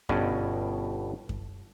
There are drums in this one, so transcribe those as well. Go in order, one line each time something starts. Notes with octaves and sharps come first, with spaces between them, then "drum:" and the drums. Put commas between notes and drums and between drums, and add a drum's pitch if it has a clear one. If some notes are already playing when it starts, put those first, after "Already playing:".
G1 G2 B2 C#4 D5 D#5, drum: kick F#2
drum: kick F#2